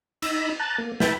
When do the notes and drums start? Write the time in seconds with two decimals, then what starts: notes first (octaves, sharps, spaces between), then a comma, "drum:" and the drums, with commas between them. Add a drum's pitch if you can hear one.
0.22 D#4 B5 E6 A#6, drum: cymbal
0.60 A5 A#5 F#6 A6
0.78 A#3
1.00 B4 E5 G5 A5 B5, drum: snare